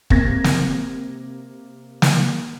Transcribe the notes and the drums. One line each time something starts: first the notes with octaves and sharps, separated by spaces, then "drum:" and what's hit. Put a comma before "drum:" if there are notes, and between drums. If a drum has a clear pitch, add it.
C3 A#3 G#6 A#6, drum: kick
drum: snare
drum: snare